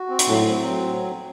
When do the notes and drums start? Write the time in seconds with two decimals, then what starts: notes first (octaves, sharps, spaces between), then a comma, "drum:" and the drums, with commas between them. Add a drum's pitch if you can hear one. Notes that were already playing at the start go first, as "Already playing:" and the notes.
Already playing: F#4
0.09 C4
0.19 drum: hi-hat
0.28 A2 F#3
0.48 C4
0.67 F#3